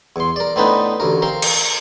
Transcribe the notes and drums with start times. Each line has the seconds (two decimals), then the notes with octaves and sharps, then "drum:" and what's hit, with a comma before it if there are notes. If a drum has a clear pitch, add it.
0.16 E2 C6
0.36 A#4 D5
0.56 A2 B3 C4 D4 D#4 B4
1.00 A1 D2 A#4
1.22 C4 A#4 F5 C6
1.42 drum: cymbal